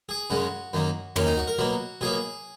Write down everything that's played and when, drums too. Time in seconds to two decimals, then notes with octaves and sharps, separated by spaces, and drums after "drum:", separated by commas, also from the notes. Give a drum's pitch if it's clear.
0.09 G#4
0.30 F#2 C#3 G#3 F#4
0.73 F#2 D#3 A#3
1.16 F#2 D#3 A#3 C#4, drum: tom
1.26 D#4
1.37 F#4
1.48 A#4
1.59 B2 F#3 A#3 F#4
2.01 B2 F#3 A#3 G#4